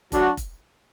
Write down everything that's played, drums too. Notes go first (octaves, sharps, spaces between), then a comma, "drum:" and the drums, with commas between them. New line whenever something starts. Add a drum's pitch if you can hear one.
F#3 D4 F#4, drum: kick F1, hi-hat
drum: kick F1, hi-hat